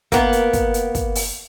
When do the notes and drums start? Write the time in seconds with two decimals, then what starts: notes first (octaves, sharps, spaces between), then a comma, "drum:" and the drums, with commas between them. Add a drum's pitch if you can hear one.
0.12 A#3 B3, drum: kick, hi-hat
0.33 drum: hi-hat
0.53 drum: kick, hi-hat
0.74 drum: hi-hat
0.95 drum: kick, hi-hat
1.15 drum: open hi-hat